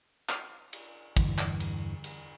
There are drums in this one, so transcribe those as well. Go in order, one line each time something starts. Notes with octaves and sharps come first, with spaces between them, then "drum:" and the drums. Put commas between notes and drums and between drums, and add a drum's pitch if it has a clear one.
drum: clap
drum: cymbal
E2 G2 D3 E3, drum: kick, cymbal
drum: clap
drum: cymbal
drum: cymbal